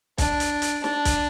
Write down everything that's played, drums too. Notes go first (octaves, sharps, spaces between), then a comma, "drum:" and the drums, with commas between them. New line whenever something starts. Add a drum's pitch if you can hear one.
D4, drum: kick B1, hi-hat
drum: hi-hat
drum: hi-hat
D4, drum: snare
drum: kick B1, hi-hat